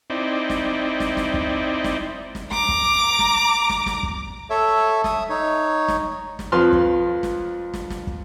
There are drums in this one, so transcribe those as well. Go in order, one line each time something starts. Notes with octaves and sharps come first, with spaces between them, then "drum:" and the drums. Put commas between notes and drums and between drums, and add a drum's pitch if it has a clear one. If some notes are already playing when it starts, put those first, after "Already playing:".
C4 D#4 E4 D5
drum: snare
drum: snare
drum: snare
drum: kick
drum: snare
drum: snare
A#5 D6, drum: snare
drum: kick
drum: snare
drum: snare
drum: snare
drum: kick
A4 C#5 E5
E5 D#6, drum: snare
D#4 C#5
drum: snare
drum: snare
F2 F3 B4 C6 F6
drum: kick
drum: snare
drum: snare
drum: snare
drum: kick